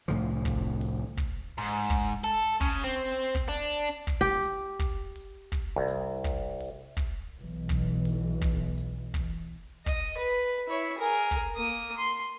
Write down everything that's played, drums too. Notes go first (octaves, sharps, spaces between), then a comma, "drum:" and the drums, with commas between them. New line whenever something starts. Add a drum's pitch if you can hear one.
C2 A2 D3 F3, drum: hi-hat
drum: kick, hi-hat
drum: open hi-hat
drum: kick, hi-hat
G#2
drum: kick, hi-hat
A4, drum: open hi-hat
C#3, drum: kick, hi-hat
C4
drum: hi-hat
drum: kick, hi-hat
D4
drum: open hi-hat
drum: kick, hi-hat
G4
drum: hi-hat
drum: kick, hi-hat
drum: open hi-hat
drum: kick, hi-hat
C2
drum: hi-hat
drum: kick, hi-hat
drum: open hi-hat
drum: kick, hi-hat
B1 E3
drum: kick
drum: open hi-hat
drum: kick, hi-hat
drum: hi-hat
drum: kick, hi-hat
D#5, drum: kick, hi-hat
B4
E4 C#5
G#4 A#4
drum: kick, hi-hat
A#3 D#6
drum: hi-hat
C6